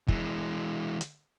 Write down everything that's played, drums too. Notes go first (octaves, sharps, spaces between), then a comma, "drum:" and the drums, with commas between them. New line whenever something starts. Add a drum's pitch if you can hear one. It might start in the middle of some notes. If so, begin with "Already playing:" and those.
E3 G#3, drum: kick
drum: hi-hat